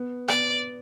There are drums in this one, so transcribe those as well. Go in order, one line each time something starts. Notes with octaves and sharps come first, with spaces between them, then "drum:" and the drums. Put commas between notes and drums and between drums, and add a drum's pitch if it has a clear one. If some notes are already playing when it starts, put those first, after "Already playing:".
Already playing: B3
B3 D5, drum: rim click